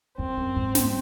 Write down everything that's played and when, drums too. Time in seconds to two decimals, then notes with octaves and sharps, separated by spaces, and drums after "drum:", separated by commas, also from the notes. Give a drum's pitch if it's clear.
0.18 F#2 C4
0.37 F#2
0.56 G#2
0.75 drum: snare